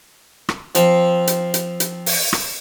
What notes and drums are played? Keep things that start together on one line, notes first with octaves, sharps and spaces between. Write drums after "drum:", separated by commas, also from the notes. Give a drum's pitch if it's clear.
drum: rim click
F3 C4, drum: hi-hat
drum: hi-hat
drum: hi-hat
drum: hi-hat
drum: open hi-hat
drum: rim click